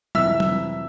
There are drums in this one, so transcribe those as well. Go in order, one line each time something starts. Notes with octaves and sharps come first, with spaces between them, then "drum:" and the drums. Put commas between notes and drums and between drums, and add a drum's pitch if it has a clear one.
F2 C3 E3 E5 E6, drum: tom
drum: tom